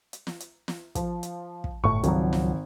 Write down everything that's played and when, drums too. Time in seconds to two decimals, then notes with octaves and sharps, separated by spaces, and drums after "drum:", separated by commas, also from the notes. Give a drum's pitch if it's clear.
0.13 drum: hi-hat
0.27 drum: snare
0.40 drum: hi-hat
0.68 drum: snare
0.95 F3, drum: kick, hi-hat
1.23 drum: hi-hat
1.64 drum: kick
1.84 G1 A2 C#6
2.03 G#1 C#2 F3 F#3, drum: hi-hat
2.33 drum: snare